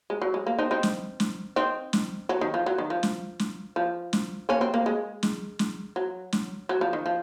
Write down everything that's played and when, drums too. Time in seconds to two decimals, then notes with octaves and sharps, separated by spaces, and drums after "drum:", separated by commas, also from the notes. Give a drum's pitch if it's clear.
0.10 G#3
0.22 F#3
0.34 G#3
0.47 A#3
0.59 C4 D#4
0.71 C4 D#4
0.83 drum: snare
1.20 drum: snare
1.56 C4 D#4
1.93 drum: snare
2.29 F#3
2.41 D#3
2.54 F3
2.66 F#3
2.78 D#3
2.90 F3
3.03 drum: snare
3.39 drum: snare
3.76 F3
4.13 drum: snare
4.49 A#3 C#4
4.61 C4
4.74 A#3
4.86 G#3
5.23 drum: snare
5.59 drum: snare
5.96 F#3
6.32 drum: snare
6.69 F#3
6.81 F3
6.93 D#3
7.06 F3